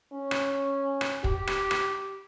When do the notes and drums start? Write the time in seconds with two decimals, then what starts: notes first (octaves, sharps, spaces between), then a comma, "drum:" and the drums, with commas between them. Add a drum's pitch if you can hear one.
0.13 C#4
0.31 drum: rim click
1.01 drum: rim click
1.24 G4, drum: kick
1.47 drum: rim click
1.71 drum: rim click